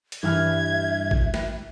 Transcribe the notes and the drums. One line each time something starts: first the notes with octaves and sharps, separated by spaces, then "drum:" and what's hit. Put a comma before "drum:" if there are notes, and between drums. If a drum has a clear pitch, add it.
drum: hi-hat
G2 E3 E5 F6 G#6
drum: kick A1
drum: snare